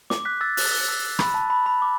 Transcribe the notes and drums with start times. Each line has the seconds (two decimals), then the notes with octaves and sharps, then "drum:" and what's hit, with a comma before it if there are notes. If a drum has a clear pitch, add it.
0.10 D6, drum: snare
0.25 F#6 B6
0.41 E6 A6
0.57 F#6, drum: open hi-hat
0.89 E6
1.19 B5, drum: rim click
1.34 A5
1.50 B5
1.66 B5
1.82 D6